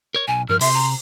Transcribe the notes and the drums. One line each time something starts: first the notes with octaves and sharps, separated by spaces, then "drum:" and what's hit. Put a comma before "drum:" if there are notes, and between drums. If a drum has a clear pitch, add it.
A#4 C#5
B1 G#5
G2 F3 A#4 F6
C3 E5 C6, drum: open hi-hat
A#5